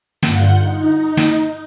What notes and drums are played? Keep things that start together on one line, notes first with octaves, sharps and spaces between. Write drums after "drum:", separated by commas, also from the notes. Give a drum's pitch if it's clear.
G2 D3 F4 F#5 G6, drum: snare
D#4
drum: snare